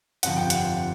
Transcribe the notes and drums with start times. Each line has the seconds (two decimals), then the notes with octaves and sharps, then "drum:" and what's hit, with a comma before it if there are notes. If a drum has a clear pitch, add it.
0.23 G1 F2 C3 F3 F#5, drum: hi-hat
0.36 G5
0.50 F#5, drum: hi-hat